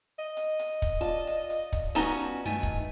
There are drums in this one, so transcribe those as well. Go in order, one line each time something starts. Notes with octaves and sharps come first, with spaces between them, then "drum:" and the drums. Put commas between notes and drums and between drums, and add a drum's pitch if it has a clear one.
D#5
drum: hi-hat
drum: hi-hat
drum: kick, hi-hat
F4 D5 F5 A5
drum: hi-hat
drum: hi-hat
drum: kick, hi-hat
B3 C#4 D#4 F#4 A5, drum: hi-hat
drum: hi-hat
G2 D#3 A3 G#5
drum: kick, hi-hat